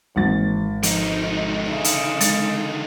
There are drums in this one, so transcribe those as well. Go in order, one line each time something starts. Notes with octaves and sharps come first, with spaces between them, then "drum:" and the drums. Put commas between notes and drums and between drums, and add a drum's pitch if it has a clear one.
G#1 E3 A#3 F#5 A6
D3 F3 D#4, drum: hi-hat
C#3 E5
drum: hi-hat
G#3 A6, drum: hi-hat